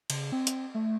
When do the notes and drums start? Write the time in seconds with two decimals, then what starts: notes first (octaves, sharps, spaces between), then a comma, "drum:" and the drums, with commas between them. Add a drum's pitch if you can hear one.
0.10 C#3, drum: cymbal
0.32 C4
0.47 drum: hi-hat
0.75 A3